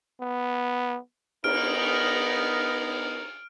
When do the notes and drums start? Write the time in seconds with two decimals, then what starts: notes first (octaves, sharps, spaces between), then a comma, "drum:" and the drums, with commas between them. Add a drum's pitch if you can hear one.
0.21 B3
1.44 B3 D#4 A#4 F6 D7, drum: cymbal